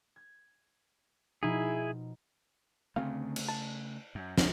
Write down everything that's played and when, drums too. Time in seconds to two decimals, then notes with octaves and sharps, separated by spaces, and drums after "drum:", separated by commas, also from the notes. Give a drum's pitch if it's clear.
0.16 G#6
1.43 B2 F3 D#4 E4 G#4
2.96 D2 C#3 A3 C4 F5
3.36 drum: cymbal
3.48 A5
4.15 F#2
4.38 F#1 C#2 G#3, drum: snare